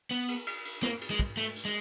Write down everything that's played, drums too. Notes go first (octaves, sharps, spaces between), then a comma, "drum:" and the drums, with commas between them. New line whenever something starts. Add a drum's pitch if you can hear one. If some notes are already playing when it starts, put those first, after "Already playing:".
B3
drum: cymbal
drum: cymbal
drum: cymbal
A#3, drum: snare
drum: cymbal
G#3
drum: kick
A3, drum: cymbal
drum: cymbal
G#3